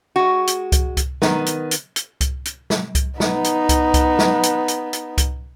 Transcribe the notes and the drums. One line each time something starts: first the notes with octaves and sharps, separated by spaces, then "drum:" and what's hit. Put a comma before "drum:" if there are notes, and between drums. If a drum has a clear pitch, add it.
G#3 F#4
drum: hi-hat
drum: kick C2, hi-hat
drum: kick C2, hi-hat
D#3 B3, drum: snare
drum: hi-hat
drum: hi-hat
drum: hi-hat
drum: kick C2, hi-hat
drum: hi-hat
drum: snare
drum: kick C2, hi-hat
B3 D#4, drum: snare
drum: hi-hat
drum: kick C2, hi-hat
drum: kick C2, hi-hat
drum: snare
drum: hi-hat
drum: hi-hat
drum: hi-hat
drum: kick C2, hi-hat